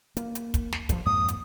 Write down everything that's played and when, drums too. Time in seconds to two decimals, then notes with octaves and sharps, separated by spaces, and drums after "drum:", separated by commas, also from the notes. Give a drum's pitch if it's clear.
0.17 A#3, drum: hi-hat
0.35 drum: hi-hat
0.54 drum: kick, hi-hat
0.72 drum: snare
0.89 G2 F3, drum: kick, hi-hat
1.06 F2 G#2 A#3 D#6
1.28 drum: hi-hat